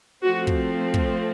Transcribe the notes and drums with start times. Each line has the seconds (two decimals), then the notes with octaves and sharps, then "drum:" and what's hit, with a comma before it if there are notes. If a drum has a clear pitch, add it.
0.24 F3 A3 C4 F#4
0.47 drum: kick
0.94 drum: kick